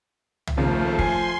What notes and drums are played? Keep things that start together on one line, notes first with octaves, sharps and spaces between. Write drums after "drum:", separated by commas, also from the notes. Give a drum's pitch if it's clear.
drum: tom
D#2 C#3 F3 A3
G#5 C6 C7, drum: kick